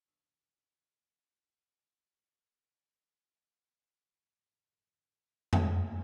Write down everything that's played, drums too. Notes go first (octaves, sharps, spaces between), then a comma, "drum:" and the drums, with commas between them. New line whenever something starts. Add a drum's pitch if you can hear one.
D#1 B1 D4 C#6 D#6 E6
A#4 D#5
F2 G#2 D3
drum: tom F2